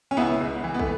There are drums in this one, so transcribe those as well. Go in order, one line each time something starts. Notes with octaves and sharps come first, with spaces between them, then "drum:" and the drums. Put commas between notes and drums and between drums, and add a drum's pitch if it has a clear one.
C#4
C#2 B3 E4
C#2
E3
B3
A3, drum: kick